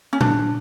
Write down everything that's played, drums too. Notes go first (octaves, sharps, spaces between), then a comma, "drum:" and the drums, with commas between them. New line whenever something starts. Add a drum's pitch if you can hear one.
C#4
D4, drum: tom A#2